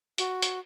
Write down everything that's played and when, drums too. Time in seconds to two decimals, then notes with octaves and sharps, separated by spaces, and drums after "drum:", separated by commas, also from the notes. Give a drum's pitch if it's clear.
0.18 F#4, drum: hi-hat
0.42 drum: hi-hat